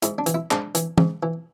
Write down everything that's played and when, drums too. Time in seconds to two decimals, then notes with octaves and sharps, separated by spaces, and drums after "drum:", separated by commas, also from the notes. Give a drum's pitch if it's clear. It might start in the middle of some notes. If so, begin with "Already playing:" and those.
0.02 G#2 E4, drum: hi-hat
0.18 D4
0.26 E3, drum: hi-hat
0.34 E4
0.51 G#2 D4, drum: clap
0.75 E3, drum: hi-hat
0.98 G#2, drum: tom
1.23 E3